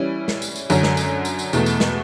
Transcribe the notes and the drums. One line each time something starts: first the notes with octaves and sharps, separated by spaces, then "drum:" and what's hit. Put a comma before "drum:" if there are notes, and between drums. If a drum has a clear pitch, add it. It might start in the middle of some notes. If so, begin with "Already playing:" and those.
Already playing: E3 G3 C#4 E4
drum: snare
drum: tambourine
drum: tambourine
F#2 D3 F#3 C#4 F#4, drum: tambourine
drum: snare
drum: tambourine
drum: tambourine
drum: tambourine
E2 B2 A3, drum: tambourine
drum: tambourine
drum: snare